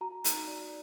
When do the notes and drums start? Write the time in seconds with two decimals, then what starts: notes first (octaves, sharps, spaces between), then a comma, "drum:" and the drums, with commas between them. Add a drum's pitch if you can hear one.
0.01 F#4 A#5
0.24 D#4, drum: hi-hat
0.47 D5